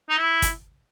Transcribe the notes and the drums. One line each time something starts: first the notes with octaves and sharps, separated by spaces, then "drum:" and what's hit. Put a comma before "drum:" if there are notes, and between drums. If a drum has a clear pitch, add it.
D#4
E4
drum: kick, hi-hat